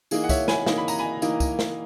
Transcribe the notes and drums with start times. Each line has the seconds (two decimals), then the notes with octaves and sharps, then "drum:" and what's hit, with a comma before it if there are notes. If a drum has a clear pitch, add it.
0.11 E3 A#3 D#4 G#4, drum: tambourine
0.24 F#5
0.29 C#5 E5, drum: kick, tambourine
0.48 G#5 B5, drum: snare
0.66 E3 A#3 D#4, drum: snare
0.78 B5
0.88 A#5, drum: tambourine
0.99 G#5 B5
1.22 E3 A#3 D#4, drum: tambourine
1.40 drum: kick, tambourine
1.59 drum: snare